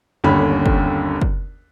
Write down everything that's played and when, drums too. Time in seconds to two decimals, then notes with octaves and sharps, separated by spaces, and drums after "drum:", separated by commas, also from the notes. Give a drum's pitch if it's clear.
0.24 G1 D#2 D3 C#4 B5
0.66 drum: kick
1.21 drum: kick